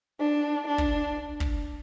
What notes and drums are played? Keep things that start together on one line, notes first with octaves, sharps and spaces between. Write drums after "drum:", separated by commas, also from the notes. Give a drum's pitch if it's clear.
D4
D4
drum: kick
drum: kick